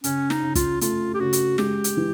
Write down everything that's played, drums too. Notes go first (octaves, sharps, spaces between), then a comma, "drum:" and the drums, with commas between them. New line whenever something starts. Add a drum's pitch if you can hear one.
C#3 C#4, drum: hi-hat
D#4, drum: snare
C#3
F4, drum: kick, hi-hat
A3 F4, drum: hi-hat
G4
C#3 F#4
drum: hi-hat
G#3 G4, drum: snare
drum: hi-hat
E3